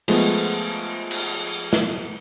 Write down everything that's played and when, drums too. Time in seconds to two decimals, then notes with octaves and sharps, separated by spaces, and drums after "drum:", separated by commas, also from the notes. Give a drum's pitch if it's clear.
0.08 F3 G#3 A3 B3, drum: cymbal
1.11 drum: cymbal
1.73 drum: snare